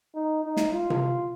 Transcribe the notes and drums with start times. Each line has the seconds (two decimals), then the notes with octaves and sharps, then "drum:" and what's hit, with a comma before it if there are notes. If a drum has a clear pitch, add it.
0.15 D#4
0.44 D#4
0.57 drum: snare
0.73 F4
0.90 drum: tom C3